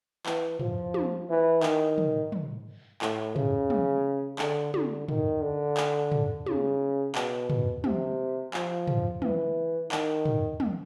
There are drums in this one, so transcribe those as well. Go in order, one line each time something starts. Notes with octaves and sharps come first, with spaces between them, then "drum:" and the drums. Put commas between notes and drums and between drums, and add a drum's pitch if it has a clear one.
E3, drum: clap
F3, drum: tom
drum: tom
E3
D#3, drum: clap
drum: tom
drum: tom
A2, drum: clap
C#3, drum: tom
drum: tom
D3, drum: clap
D3, drum: tom
D#3, drum: tom
D3
drum: clap
drum: tom
C#3, drum: tom
B2, drum: clap
drum: tom
C3, drum: tom
F3, drum: clap
drum: tom
E3, drum: tom
D#3, drum: clap
drum: tom
drum: tom